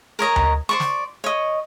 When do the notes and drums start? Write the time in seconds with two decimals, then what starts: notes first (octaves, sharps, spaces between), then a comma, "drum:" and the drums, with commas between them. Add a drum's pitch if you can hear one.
0.19 A#4 C#5 D#5 A#5
0.36 drum: tom D2
0.69 C5 D5 C#6
0.80 drum: snare
1.24 C#5 D#5